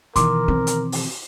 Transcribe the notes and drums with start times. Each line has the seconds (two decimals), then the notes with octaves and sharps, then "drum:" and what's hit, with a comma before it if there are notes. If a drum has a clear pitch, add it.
0.16 B2 D#3 E3 A#4 C6 D6, drum: kick, hi-hat
0.48 C4
0.67 drum: hi-hat
0.92 drum: open hi-hat